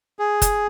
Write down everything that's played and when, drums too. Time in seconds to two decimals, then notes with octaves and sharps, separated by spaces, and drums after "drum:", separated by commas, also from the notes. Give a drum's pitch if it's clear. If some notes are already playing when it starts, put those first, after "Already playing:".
0.19 G#4
0.42 drum: kick, hi-hat